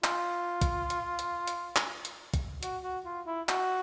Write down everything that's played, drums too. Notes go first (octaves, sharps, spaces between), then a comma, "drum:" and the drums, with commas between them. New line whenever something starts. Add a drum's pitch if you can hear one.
F4, drum: clap
drum: kick, hi-hat
drum: hi-hat
drum: hi-hat
drum: hi-hat
drum: clap
drum: hi-hat
drum: kick, hi-hat
F#4, drum: hi-hat
F#4
F4
E4
F#4, drum: clap